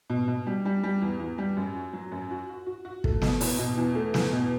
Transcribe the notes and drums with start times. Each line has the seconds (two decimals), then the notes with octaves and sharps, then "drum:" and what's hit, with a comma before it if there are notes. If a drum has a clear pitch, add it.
0.10 B2
0.28 B2
0.47 G3
0.65 G3
0.83 G3
1.02 E2
1.20 E2
1.38 G3
1.57 F#2
1.75 F#4
1.93 F#3
2.12 F#2
2.31 F#4
2.49 F#4
2.66 F#4
2.85 F#4
3.04 A3, drum: kick
3.22 B2, drum: snare
3.41 E2, drum: open hi-hat
3.59 B2
3.77 E2
3.95 A3
4.14 E2, drum: snare
4.32 B2